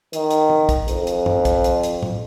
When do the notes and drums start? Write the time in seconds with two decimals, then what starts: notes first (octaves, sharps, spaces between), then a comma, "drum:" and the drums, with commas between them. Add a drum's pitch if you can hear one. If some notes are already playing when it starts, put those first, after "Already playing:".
0.13 D#3, drum: hi-hat
0.31 drum: hi-hat
0.50 drum: tom
0.69 drum: kick, hi-hat
0.88 F2, drum: hi-hat
1.07 drum: hi-hat
1.26 drum: tom
1.45 drum: kick, hi-hat
1.64 drum: hi-hat
1.83 drum: hi-hat
2.03 drum: tom A2